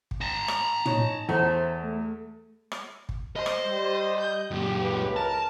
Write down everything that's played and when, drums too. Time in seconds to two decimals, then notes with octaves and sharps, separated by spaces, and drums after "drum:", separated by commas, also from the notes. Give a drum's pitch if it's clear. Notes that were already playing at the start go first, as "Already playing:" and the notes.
0.11 drum: kick
0.21 A5 A#5
0.48 drum: rim click
0.86 D#4 C#5, drum: tom
1.29 E2 A3 C5
1.82 A3
2.72 drum: rim click
3.09 drum: kick
3.36 C5 D#5
3.46 drum: rim click
3.66 G3
4.20 G6
4.51 F#2 A#2 G4
4.81 C#2 B4
5.16 A#4 A5